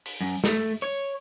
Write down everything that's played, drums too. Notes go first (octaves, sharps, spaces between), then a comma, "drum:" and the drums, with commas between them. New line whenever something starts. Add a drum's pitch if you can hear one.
drum: open hi-hat
F#2
A3, drum: snare
C#5